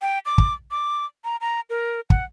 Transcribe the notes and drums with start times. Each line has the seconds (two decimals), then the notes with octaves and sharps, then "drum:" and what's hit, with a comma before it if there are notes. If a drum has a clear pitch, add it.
0.02 G5
0.26 D6
0.38 drum: kick
0.71 D6
1.24 A#5
1.41 A#5
1.70 A#4
2.10 F#5, drum: kick